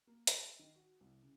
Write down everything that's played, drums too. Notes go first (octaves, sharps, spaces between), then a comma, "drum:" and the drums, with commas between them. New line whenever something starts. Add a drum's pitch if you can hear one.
A#3
G#5, drum: hi-hat
A#6
D#3
F#4
C2
C#3